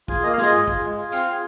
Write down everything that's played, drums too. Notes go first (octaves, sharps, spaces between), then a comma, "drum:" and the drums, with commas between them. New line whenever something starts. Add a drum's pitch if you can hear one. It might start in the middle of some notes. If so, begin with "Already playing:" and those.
F4 G#4, drum: kick
A#3 D#5
F5
F4 G#4 D#5, drum: snare
G#3, drum: tom G2
F4 G#4, drum: kick
G#3
F4 G#4
C4 F5, drum: hi-hat
F4 G#4